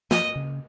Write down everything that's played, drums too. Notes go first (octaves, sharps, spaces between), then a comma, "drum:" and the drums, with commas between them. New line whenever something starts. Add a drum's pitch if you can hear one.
F3 D#5, drum: snare
C#3